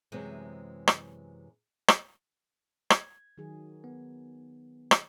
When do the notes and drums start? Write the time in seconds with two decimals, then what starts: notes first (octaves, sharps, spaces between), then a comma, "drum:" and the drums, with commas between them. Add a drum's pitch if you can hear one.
0.12 F#2 C3 E3 G#3 B3 C5
0.88 drum: rim click
1.88 drum: rim click
2.90 G#6, drum: rim click
3.38 D#3 F#3 G#4
3.84 B3
4.91 drum: rim click